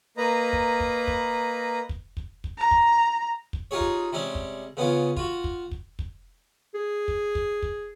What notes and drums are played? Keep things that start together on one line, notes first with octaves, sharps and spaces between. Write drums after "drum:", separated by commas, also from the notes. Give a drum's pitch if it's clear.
A#3 B4 D#5 A#5
drum: kick
drum: kick
drum: kick
drum: kick
drum: kick
drum: kick
A#5
drum: kick
drum: kick
D#4 F4 G4 G#4 C#5
drum: kick
C3 G3 G#3 C#4
drum: kick
C#3 B3 C#4 F4
F4 F#4, drum: kick
drum: kick
drum: kick
drum: kick
G#4
drum: kick
drum: kick
drum: kick